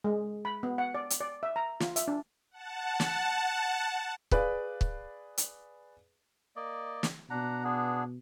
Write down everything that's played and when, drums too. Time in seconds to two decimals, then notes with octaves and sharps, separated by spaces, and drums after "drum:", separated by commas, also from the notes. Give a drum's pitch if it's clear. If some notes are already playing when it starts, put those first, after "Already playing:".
0.04 G#3
0.45 B5
0.63 B3
0.78 F#5
0.95 D5
1.10 drum: hi-hat
1.20 D5
1.43 E5
1.56 A#5
1.80 F4, drum: snare
1.96 E5, drum: hi-hat
2.08 D4
2.51 F#5 A5
3.00 drum: snare
4.31 G#4 B4 D5 F5, drum: kick
4.81 drum: kick
5.38 drum: hi-hat
6.56 A#3 D5 D#5
7.03 drum: snare
7.30 B2 D4 F#5 A#5
7.64 B3 D4 G#4